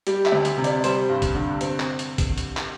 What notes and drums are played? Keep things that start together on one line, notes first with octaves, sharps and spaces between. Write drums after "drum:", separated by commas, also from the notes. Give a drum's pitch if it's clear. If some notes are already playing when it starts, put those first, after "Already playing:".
G3 G4, drum: hi-hat
E5, drum: clap
D2
drum: hi-hat
C3
D5, drum: hi-hat
G3 C5, drum: hi-hat
G2
drum: kick, hi-hat
D3
C4, drum: hi-hat
drum: clap
drum: hi-hat
drum: kick, hi-hat
drum: hi-hat
drum: clap